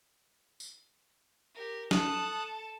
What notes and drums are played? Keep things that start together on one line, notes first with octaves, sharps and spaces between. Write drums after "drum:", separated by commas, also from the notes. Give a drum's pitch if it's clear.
drum: tambourine
G4 A#4
A4 A5 D#6 F#6, drum: snare